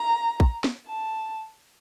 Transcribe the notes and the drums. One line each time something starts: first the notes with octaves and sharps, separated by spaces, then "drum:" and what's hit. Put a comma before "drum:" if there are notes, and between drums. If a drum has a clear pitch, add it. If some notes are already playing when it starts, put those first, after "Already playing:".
Already playing: A#5
drum: kick
drum: snare
A5